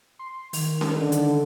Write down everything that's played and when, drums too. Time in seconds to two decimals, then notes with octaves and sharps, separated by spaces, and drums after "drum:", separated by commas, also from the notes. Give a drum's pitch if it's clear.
0.19 C6
0.53 D#3, drum: open hi-hat
0.81 drum: snare C#4
0.97 D3
1.12 drum: hi-hat